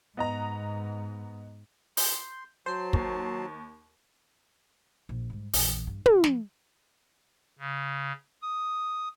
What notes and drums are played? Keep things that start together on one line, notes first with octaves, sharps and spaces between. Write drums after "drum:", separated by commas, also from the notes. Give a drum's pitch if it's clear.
G#2 B3 D#5 A#5
C6 G6, drum: open hi-hat
F#3 C5 A5 C7
D#2, drum: kick
A#1
G#2 G3
A#1 E2, drum: open hi-hat
G2
C#3, drum: tom
F3, drum: snare
C#3
D#6